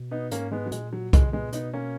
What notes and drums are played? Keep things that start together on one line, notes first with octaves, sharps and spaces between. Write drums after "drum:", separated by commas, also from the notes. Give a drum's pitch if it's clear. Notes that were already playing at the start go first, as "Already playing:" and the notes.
Already playing: B2
B3 D#4
G#2 A#3 C#4, drum: hi-hat
G#3 B3
F#3
A#2 G#3, drum: hi-hat
F#3
G#3, drum: kick C2, hi-hat
G#3 B3
B2 B3 D#4, drum: hi-hat
A#3 C#4